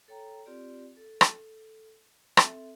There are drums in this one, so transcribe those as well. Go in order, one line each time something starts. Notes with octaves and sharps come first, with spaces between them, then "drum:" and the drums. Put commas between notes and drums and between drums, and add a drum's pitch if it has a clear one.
A4 C#5 G5 A#5
C4 F4 G4 D5
A4
drum: rim click
C4 A4 E5, drum: rim click